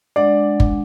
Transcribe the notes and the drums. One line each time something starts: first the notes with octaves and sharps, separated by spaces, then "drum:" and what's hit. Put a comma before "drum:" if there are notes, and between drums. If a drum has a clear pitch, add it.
G#3 D4 D5 F#5
drum: kick G1